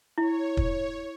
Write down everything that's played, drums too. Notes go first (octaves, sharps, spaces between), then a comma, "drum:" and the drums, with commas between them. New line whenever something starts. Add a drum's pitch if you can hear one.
E4 C#5
drum: kick